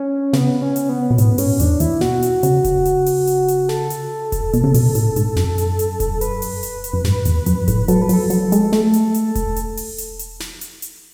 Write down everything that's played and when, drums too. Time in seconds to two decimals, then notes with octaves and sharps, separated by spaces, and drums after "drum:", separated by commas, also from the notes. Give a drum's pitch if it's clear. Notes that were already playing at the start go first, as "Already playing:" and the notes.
Already playing: C#4
0.33 C#3 B3, drum: snare
0.62 C#4
0.76 drum: hi-hat
0.89 B3
1.11 B2
1.18 A2 B3, drum: hi-hat
1.38 G#2 C#4, drum: open hi-hat
1.60 E2 D4, drum: hi-hat
1.80 E2 E4, drum: hi-hat
2.01 B2 F#4, drum: snare
2.22 drum: hi-hat
2.43 C#3, drum: hi-hat
2.64 drum: kick E1, hi-hat
2.85 drum: hi-hat
3.06 drum: open hi-hat
3.27 drum: hi-hat
3.48 drum: hi-hat
3.69 A4, drum: snare
3.90 drum: hi-hat
4.32 drum: kick E1, hi-hat
4.53 B2, drum: hi-hat
4.64 C#3
4.74 B2, drum: open hi-hat
4.95 A2, drum: hi-hat
5.16 G#2, drum: hi-hat
5.36 F#2, drum: snare
5.58 drum: hi-hat
5.79 drum: hi-hat
6.00 drum: kick E1, hi-hat
6.21 B4, drum: hi-hat
6.42 drum: open hi-hat
6.63 drum: hi-hat
6.84 drum: hi-hat
6.93 F#2
7.04 G#2, drum: snare
7.25 E2, drum: hi-hat
7.46 F#2, drum: hi-hat
7.68 A2, drum: kick E1, hi-hat
7.88 F#3 A4, drum: hi-hat
8.02 B4
8.09 F#3 A4, drum: open hi-hat
8.30 F#3, drum: hi-hat
8.52 G#3, drum: hi-hat
8.72 A3, drum: snare
8.93 drum: hi-hat
9.14 drum: hi-hat
9.35 drum: kick E1, hi-hat
9.56 drum: hi-hat
9.77 drum: open hi-hat
9.98 drum: hi-hat
10.19 drum: hi-hat
10.40 drum: snare
10.61 drum: hi-hat
10.82 drum: hi-hat